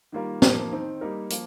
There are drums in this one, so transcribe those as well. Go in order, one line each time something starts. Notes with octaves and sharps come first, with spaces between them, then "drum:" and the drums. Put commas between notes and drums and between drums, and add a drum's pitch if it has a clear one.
D#3 G3 A#3 F4 A#4
F3 A#3 D#4 A#4, drum: snare
D#3 C4 D#4
G3 A#3 D#4 A#4
F3 A#3 F4, drum: hi-hat